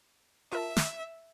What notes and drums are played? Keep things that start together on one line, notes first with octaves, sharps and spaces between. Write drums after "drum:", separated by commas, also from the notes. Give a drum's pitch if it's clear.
F4 A#4 E5 A5
drum: snare